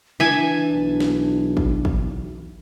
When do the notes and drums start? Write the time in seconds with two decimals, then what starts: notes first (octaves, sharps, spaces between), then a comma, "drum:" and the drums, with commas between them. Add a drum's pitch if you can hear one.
0.20 E3 D4 E5 G#5 A5
0.72 B1
1.00 drum: snare
1.57 drum: kick
1.85 drum: kick